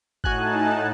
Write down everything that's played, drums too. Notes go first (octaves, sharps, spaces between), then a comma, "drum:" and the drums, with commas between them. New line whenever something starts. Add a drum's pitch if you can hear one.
A2 D#4 F#4 G#5 A5 F#6, drum: kick G1